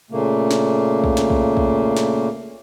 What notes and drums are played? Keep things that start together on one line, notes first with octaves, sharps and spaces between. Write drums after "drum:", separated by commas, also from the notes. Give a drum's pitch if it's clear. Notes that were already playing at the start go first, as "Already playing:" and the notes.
A#2 C#3 A3 A#3
drum: snare
drum: kick
drum: snare
drum: kick
drum: kick
drum: snare